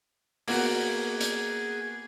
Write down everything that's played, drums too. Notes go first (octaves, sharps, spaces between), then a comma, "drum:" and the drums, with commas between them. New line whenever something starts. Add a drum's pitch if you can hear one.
A#3 B3 F#4 G#4, drum: open hi-hat
drum: hi-hat